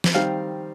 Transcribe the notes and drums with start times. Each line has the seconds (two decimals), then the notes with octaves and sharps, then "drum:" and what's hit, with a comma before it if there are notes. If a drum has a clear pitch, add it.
0.04 drum: snare
0.15 D#3 G3 C4 F5